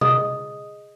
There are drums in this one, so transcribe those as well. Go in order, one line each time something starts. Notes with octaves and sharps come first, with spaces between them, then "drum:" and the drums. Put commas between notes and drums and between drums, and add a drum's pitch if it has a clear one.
G#4 D#5 D#6, drum: tom B2